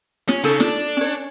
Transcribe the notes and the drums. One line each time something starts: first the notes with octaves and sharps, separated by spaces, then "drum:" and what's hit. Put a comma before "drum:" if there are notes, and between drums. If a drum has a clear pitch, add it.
C#4, drum: snare
C#3 D#4 A4, drum: hi-hat
D4, drum: snare
C#4 C#5